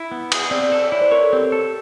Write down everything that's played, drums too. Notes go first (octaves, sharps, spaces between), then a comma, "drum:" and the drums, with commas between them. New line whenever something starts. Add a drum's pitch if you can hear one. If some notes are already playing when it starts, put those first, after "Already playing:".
Already playing: E4
B3
G#4, drum: cymbal
C4 D5
A4
D5
E4 C#5
C5
A#4 C#5
A4
C4 G4
A4